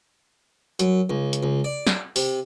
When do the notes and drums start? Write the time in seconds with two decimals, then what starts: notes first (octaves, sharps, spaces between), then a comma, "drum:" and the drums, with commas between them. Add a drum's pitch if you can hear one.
0.79 F#2, drum: hi-hat
1.10 C#2
1.33 drum: hi-hat
1.43 C#2
1.64 D5
1.87 drum: snare
2.16 C3, drum: open hi-hat